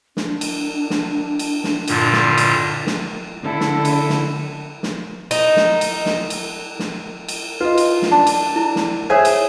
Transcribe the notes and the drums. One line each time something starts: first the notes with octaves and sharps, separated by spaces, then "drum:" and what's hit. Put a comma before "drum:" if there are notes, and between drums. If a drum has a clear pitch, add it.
D4, drum: snare
drum: cymbal
drum: snare
drum: cymbal
drum: snare
G2 A#2 D3, drum: cymbal
drum: snare
drum: cymbal
drum: snare
D3 E4 A4
drum: snare
drum: cymbal
drum: snare
drum: snare
D#4, drum: cymbal
drum: snare
drum: cymbal
drum: snare
drum: cymbal
drum: snare
drum: cymbal
F4 B4 D#5
drum: cymbal
drum: snare
D4 A5
drum: cymbal
E4
drum: snare
G#4 C5 C#5 E5 G#5
drum: cymbal